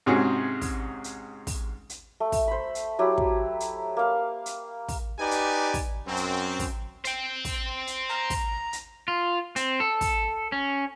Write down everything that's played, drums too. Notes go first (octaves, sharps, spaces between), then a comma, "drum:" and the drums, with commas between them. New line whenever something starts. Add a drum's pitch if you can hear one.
G#2 C3 C#4 F#4 G#4
drum: kick, open hi-hat
drum: hi-hat
drum: kick, open hi-hat
drum: hi-hat
A3
drum: kick, open hi-hat
C5 B5
drum: hi-hat
F#3 E4 G4
drum: kick
drum: hi-hat
A#3 F5
drum: hi-hat
drum: kick, open hi-hat
D#4 G4 B4 D5 G#5
drum: hi-hat
drum: kick, open hi-hat
F#2 C4
drum: hi-hat
drum: kick, open hi-hat
C5 G5, drum: hi-hat
drum: kick, open hi-hat
drum: hi-hat
A#5
drum: kick, open hi-hat
drum: hi-hat
F4
C4, drum: hi-hat
A4
drum: kick, open hi-hat
C#4